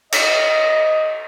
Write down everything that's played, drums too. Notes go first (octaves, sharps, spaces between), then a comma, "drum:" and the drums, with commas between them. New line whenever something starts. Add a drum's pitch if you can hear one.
D#5, drum: cymbal